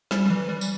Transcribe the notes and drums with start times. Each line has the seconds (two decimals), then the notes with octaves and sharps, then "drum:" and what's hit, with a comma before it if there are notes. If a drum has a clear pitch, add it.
0.11 G3, drum: snare
0.26 G3
0.30 E3
0.49 G3
0.61 drum: tambourine